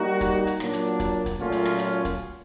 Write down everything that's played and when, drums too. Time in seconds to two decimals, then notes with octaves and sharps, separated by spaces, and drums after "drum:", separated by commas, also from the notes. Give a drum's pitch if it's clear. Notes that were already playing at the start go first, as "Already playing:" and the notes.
Already playing: G3 A#3 D#4 F#4
0.21 drum: kick, hi-hat
0.47 drum: hi-hat
0.60 A#2 F#3 A#3 D4, drum: rim click
0.73 drum: hi-hat
1.00 drum: kick, hi-hat
1.26 drum: kick, hi-hat
1.39 A#2 F#3 A3 C#4 F4
1.52 drum: hi-hat
1.65 drum: rim click
1.79 drum: hi-hat
2.05 drum: kick, hi-hat